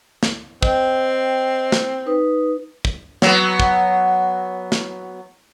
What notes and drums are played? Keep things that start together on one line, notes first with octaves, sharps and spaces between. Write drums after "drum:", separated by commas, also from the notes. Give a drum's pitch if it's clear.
drum: snare
C4 D#5 G5, drum: kick
drum: snare
D#4 B4 D#6
drum: kick
F#3 B3, drum: snare
drum: kick
drum: snare